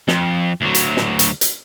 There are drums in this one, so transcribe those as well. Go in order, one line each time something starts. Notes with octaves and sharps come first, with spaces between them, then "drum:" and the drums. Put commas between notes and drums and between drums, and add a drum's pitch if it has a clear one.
F2, drum: snare
D2 F#3
drum: hi-hat
drum: snare
drum: hi-hat
drum: hi-hat